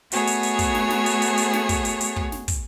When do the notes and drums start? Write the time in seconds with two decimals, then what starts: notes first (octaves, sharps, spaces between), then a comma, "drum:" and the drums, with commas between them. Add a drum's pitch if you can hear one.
0.12 A3 B3 F#4 G#4 C#5, drum: hi-hat
0.27 drum: hi-hat
0.43 drum: hi-hat
0.59 drum: kick, hi-hat
0.75 drum: snare
0.90 drum: snare
1.06 drum: hi-hat
1.22 drum: hi-hat
1.38 drum: hi-hat
1.53 drum: snare
1.69 drum: kick, hi-hat
1.85 drum: hi-hat
2.01 drum: hi-hat
2.16 drum: kick
2.32 drum: snare
2.48 drum: kick, hi-hat